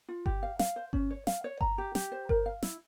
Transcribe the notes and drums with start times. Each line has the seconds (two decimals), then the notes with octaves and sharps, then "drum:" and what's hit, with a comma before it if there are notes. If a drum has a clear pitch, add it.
0.09 F4
0.26 G4, drum: kick G1
0.43 F5
0.59 F5, drum: snare
0.76 C5
0.93 C#4, drum: kick G1
1.10 C#5
1.27 F5, drum: snare
1.44 C#5
1.61 A#5, drum: kick G1
1.78 G4
1.95 G4, drum: snare
2.12 C5
2.29 A#4, drum: kick G1
2.46 F5
2.63 E4, drum: snare